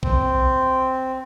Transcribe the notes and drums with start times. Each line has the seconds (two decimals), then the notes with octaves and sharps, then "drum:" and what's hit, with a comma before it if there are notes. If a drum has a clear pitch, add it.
0.03 C4, drum: kick A#1